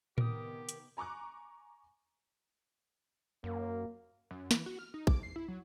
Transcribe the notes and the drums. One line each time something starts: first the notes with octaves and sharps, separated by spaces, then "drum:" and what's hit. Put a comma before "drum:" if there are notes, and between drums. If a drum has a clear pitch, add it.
C3 D#3 B3 G4 A#4 D#6, drum: tom A2
drum: hi-hat
G#5 A#5 C#6 D6 F#6
F#2 A#3
F#2
E3, drum: snare
F#4
F6
D#4
D6, drum: kick
C7
E4
F#3